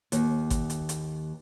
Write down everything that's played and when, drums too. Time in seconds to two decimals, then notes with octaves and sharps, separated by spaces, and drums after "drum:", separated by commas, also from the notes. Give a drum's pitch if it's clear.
0.12 D#2, drum: hi-hat
0.50 drum: kick, hi-hat
0.70 drum: hi-hat
0.89 drum: hi-hat